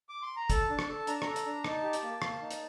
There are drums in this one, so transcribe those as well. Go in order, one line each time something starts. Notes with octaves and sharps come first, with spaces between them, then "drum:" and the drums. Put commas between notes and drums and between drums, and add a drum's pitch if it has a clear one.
D6
C6
A#5
A4 A5, drum: kick, hi-hat
D4
drum: rim click
A4
D4 A#5, drum: hi-hat
A5
A4 A#5, drum: rim click
drum: hi-hat
D4
D#4 A5, drum: rim click
G4
drum: hi-hat
A#3
A#3, drum: rim click
D#4
drum: hi-hat